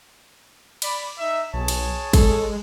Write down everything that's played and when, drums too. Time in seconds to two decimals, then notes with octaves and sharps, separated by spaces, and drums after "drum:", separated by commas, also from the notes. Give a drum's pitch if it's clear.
0.82 D5 B5, drum: cymbal
1.19 D#4 E5
1.54 B1 G#4 C#5 A5
1.68 drum: cymbal
2.13 G#3 A4, drum: kick, cymbal